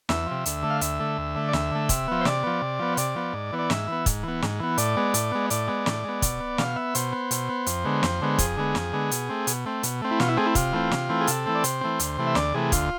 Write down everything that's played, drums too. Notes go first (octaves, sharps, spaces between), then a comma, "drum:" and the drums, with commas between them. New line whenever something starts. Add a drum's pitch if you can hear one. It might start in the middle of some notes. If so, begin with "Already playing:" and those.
E2 E5, drum: snare
C3 F3
D2, drum: hi-hat
D3 A3
F5
D2 E5, drum: hi-hat
D3 A3
D2
D3 A3
D5
D2 E5, drum: snare
D3 A3
C3, drum: kick, hi-hat
F3 B3
C5
C3 D5, drum: snare
F3 B3
C3
F3 B3
C3 D5, drum: hi-hat
F3 B3
G#2
E3 B3
D5
G#2 E5, drum: snare
E3 B3
G#2, drum: kick, hi-hat
E3 B3
G#2, drum: snare
E3 B3
A2 D5, drum: hi-hat
G#3 B3
A2, drum: hi-hat
G#3 B3
A2 D5, drum: hi-hat
G#3 B3
A2, drum: snare
G#3 B3
B2, drum: kick, hi-hat
B3
B2 F5, drum: snare
B3 E5
B2 C5, drum: hi-hat
B3
B2, drum: hi-hat
B3
F2, drum: hi-hat
D3 G#3 B3
F2, drum: snare
D3 G#3 B3
F2 G#4, drum: kick, hi-hat
D3 G#3 B3
F2, drum: snare
D3 G#3 B3
B2, drum: hi-hat
A3 C4
B2, drum: hi-hat
A3 C4
B2, drum: hi-hat
A3 C4
E4
B2 F4, drum: snare
E4
A3 C4 G#4
E4
C3 F4, drum: kick, hi-hat
E3 A3 C4
C3, drum: snare
E3 A3 C4
G#4
C3 A4, drum: hi-hat
E3 A3 C4
D5
C3 C5, drum: hi-hat
E3 A3 C4
D2, drum: hi-hat
C3 E3 A3
E5
D2 D5, drum: snare
C3 E3 A3 G#4
D2 F4, drum: kick, hi-hat